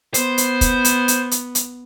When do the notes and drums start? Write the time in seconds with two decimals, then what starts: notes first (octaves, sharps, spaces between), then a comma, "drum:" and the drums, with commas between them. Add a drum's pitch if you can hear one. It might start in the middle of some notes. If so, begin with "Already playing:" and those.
0.14 B3 C5, drum: hi-hat
0.38 drum: hi-hat
0.61 drum: kick, hi-hat
0.85 drum: hi-hat
1.08 drum: hi-hat
1.31 drum: hi-hat
1.55 drum: hi-hat